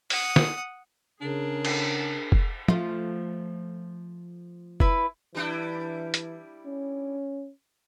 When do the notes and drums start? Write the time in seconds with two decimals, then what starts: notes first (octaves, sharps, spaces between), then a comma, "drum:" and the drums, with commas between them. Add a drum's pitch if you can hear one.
0.10 F#5 D#6, drum: open hi-hat
0.36 drum: snare
1.21 C#3 D4 G#4 A#4
1.65 drum: cymbal
2.32 drum: kick F1
2.68 F3 A3 F4, drum: tom
4.80 E4 B4, drum: kick F1
5.35 E3 G3 D4 E4
6.14 drum: hi-hat
6.66 C#4